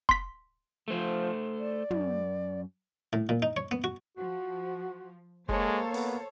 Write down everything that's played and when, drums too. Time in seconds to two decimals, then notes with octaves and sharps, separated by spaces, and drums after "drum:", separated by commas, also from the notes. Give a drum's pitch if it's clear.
0.09 C6 B6, drum: kick F1
0.88 F3 A3 C5
1.59 D5
1.91 F#2, drum: tom
3.13 A2
3.29 A#2
3.42 D#4
3.57 C#5
3.71 B3
3.84 F#4
4.17 F3 F#4
5.49 G#3 A#3 A4 C5 C#5, drum: kick F1
5.94 B3, drum: open hi-hat